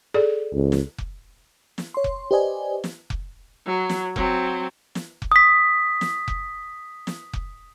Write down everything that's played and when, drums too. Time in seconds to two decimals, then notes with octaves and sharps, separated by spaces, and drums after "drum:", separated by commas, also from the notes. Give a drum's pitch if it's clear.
0.14 G#4 A4 D5
0.54 C#2
0.72 drum: snare
0.98 drum: kick F1
1.78 drum: snare
1.94 C#5 C6
2.04 drum: kick F1
2.31 G4 B4 C5 D5 D#5 G#5
2.84 drum: snare
3.10 drum: kick F1
3.66 F#3
3.89 drum: snare
4.16 F#3 C4, drum: kick F1
4.95 drum: snare
5.22 drum: kick F1
5.32 D#6 B6
6.01 drum: snare
6.28 drum: kick F1
7.07 drum: snare
7.33 drum: kick F1